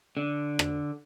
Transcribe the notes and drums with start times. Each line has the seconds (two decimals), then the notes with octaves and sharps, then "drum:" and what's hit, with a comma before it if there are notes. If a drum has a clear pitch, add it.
0.17 D3
0.59 drum: rim click